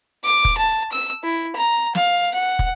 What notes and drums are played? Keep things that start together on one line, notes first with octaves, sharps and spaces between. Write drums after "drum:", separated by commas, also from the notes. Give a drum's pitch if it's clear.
D6
drum: kick
A5
E6
E4
A#5
F5, drum: snare
F#5
drum: kick